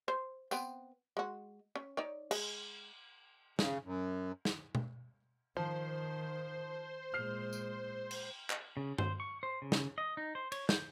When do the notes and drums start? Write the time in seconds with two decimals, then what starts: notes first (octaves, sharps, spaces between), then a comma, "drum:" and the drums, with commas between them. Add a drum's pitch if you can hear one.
0.08 C5
0.51 B3 C4, drum: tambourine
1.17 G#3 F#4
1.76 C#4
1.97 D#4 C#5 D5
2.31 G#3, drum: cymbal
3.59 C#3, drum: snare
3.84 F#2
4.45 drum: snare
4.75 drum: tom B2
5.57 D#3 F3 C5
7.14 A#2 G#3 F6 C7
7.53 drum: tambourine
8.11 drum: cymbal
8.50 drum: clap
8.77 C#3
8.98 C5, drum: tom G2
9.20 C#6
9.43 C5
9.62 C#3
9.72 drum: snare
9.98 D#5
10.17 D#4
10.35 C5
10.52 C#5, drum: cymbal
10.69 G6, drum: snare